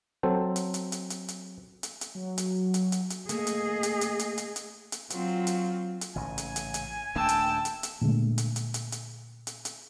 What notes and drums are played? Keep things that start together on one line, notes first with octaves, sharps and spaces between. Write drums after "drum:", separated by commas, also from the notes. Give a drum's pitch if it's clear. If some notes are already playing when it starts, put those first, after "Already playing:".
F#3 C4 A4 C5
drum: hi-hat
drum: hi-hat
drum: hi-hat
drum: hi-hat
drum: hi-hat
drum: hi-hat
drum: hi-hat
F#3
drum: hi-hat
drum: hi-hat
drum: hi-hat
drum: hi-hat
A3 A#3 G#4 D#5, drum: hi-hat
drum: hi-hat
drum: hi-hat
drum: hi-hat
drum: hi-hat
drum: hi-hat
drum: hi-hat
drum: hi-hat
F#3 C4 F4, drum: hi-hat
drum: hi-hat
drum: hi-hat
A1 G#2 C#3 G#5
drum: hi-hat
drum: hi-hat
drum: hi-hat
D#1 A3 D4 G5 A5 E6
drum: hi-hat
drum: hi-hat
drum: hi-hat
A#2 D3 G#3 A3
drum: hi-hat
drum: hi-hat
drum: hi-hat
drum: hi-hat
drum: hi-hat
drum: hi-hat